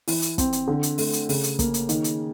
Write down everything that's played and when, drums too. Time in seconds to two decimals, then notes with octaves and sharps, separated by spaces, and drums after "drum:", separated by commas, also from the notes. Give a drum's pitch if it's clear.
0.08 E3, drum: open hi-hat
0.22 drum: hi-hat
0.38 C4, drum: kick, hi-hat
0.53 drum: hi-hat
0.68 D3
0.83 drum: hi-hat
0.98 A3, drum: open hi-hat
1.13 drum: hi-hat
1.29 C#3, drum: open hi-hat
1.44 drum: hi-hat
1.59 A#3, drum: kick, hi-hat
1.74 drum: hi-hat
1.89 D#3, drum: hi-hat
2.04 drum: hi-hat